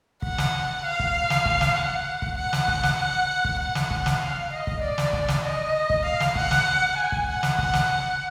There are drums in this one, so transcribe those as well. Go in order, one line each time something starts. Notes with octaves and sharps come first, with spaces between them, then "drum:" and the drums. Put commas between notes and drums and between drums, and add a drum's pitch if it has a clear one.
F#5, drum: kick
drum: snare
F5
drum: kick
drum: snare
drum: kick
drum: snare
F#5
drum: kick
F#5
drum: snare
drum: kick
drum: snare
F#5
drum: kick
F#5
drum: snare
drum: kick
drum: snare
F5
D#5
drum: kick
D5
drum: snare
drum: kick
drum: snare
D#5
drum: kick
F5
drum: snare
F#5, drum: kick
drum: snare
G#5
drum: kick
F#5
drum: snare
F#5, drum: kick
drum: snare